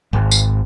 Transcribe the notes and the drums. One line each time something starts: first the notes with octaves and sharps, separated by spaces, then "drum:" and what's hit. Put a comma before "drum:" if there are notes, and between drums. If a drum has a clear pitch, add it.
G#1
drum: tambourine